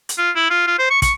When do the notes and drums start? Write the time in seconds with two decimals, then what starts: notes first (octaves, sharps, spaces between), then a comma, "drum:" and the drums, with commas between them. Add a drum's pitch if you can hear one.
0.09 drum: hi-hat
0.18 F4
0.36 E4
0.50 F4
0.67 F4
0.79 C5
0.91 C#6
1.02 C#6, drum: kick, hi-hat